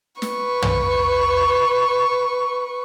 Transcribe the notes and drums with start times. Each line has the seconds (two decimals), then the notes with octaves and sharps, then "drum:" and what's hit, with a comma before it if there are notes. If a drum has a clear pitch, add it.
0.22 B4 C#6, drum: snare
0.62 drum: tom